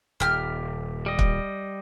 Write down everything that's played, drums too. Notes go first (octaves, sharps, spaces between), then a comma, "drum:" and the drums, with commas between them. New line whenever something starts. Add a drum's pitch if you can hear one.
D#1 G4 F6
G3 D#5
drum: kick